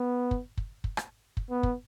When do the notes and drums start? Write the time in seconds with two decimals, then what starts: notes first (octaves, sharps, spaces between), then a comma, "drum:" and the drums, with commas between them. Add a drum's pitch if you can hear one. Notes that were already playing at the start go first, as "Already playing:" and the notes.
Already playing: B3
0.31 drum: kick
0.57 drum: kick
0.84 drum: kick
0.97 drum: rim click
1.37 drum: kick
1.50 B3
1.63 drum: kick